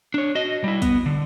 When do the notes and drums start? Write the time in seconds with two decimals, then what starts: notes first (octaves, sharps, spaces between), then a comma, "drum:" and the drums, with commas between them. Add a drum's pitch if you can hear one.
0.14 D4 C#5
0.35 F#4 D#5
0.64 G3 E4
0.82 B3, drum: kick, hi-hat
1.06 D3